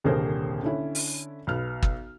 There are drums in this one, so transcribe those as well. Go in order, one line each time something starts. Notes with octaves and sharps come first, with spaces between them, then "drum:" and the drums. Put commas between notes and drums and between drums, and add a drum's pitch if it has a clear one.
D#1 C2 D3 G#4 A#4 C5
D3 C#4 E4
drum: open hi-hat
B1 B3 F6
drum: kick